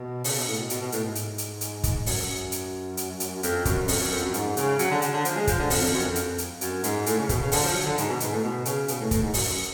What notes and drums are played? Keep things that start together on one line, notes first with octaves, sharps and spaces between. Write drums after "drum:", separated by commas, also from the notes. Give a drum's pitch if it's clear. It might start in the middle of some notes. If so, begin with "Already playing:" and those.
Already playing: B2
C#3, drum: open hi-hat
B2
A2
B2
B2, drum: hi-hat
B2
A2, drum: hi-hat
G#2
drum: hi-hat
drum: hi-hat
drum: hi-hat
drum: kick, hi-hat
F#2, drum: open hi-hat
F#2
drum: hi-hat
drum: hi-hat
drum: hi-hat
F2, drum: hi-hat
F#2, drum: kick, hi-hat
F2, drum: open hi-hat
F#2
F2
F#2
G#2, drum: hi-hat
C#3, drum: hi-hat
F#3, drum: hi-hat
D3
C#3, drum: hi-hat
D3
F3, drum: hi-hat
G#3
F3, drum: kick, hi-hat
D3
F2, drum: open hi-hat
F2
F#2
F2
drum: hi-hat
drum: hi-hat
F#2, drum: hi-hat
G#2, drum: hi-hat
A2, drum: hi-hat
C#3
B2, drum: kick, hi-hat
C#3
D3, drum: open hi-hat
F3
F#3
D3
G#2, drum: hi-hat
B2
G#2, drum: hi-hat
A2
B2
C#3, drum: hi-hat
B2, drum: hi-hat
A2
A2, drum: kick, hi-hat
G#2
F#2, drum: open hi-hat
F#2